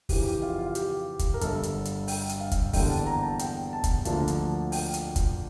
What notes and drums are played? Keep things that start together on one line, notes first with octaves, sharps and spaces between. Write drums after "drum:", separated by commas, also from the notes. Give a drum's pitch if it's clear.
F2 C#3 E3 G4, drum: kick, open hi-hat
G4
F4
F4
G4, drum: hi-hat
drum: kick, hi-hat
A#4
G1 G2 D3 A4, drum: hi-hat
drum: hi-hat
drum: hi-hat
G5, drum: open hi-hat
drum: hi-hat
F5
drum: kick, hi-hat
E2 D3 G3 A#3 G5, drum: kick, open hi-hat
A5
A#5
A5
G5, drum: hi-hat
A5
drum: kick, hi-hat
D2 D3 F3 A#3 A5, drum: hi-hat
drum: hi-hat
G5, drum: open hi-hat
drum: hi-hat
drum: kick, hi-hat